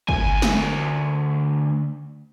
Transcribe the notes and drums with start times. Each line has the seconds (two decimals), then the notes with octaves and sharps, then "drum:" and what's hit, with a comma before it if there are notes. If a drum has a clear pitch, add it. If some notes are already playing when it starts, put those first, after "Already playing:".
0.09 D2 G#5, drum: kick
0.42 drum: snare